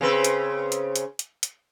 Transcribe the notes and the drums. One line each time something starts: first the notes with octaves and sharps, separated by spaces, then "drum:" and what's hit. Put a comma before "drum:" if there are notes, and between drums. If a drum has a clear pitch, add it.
C#3 C4 B4
drum: hi-hat
drum: hi-hat
drum: hi-hat
drum: hi-hat
drum: hi-hat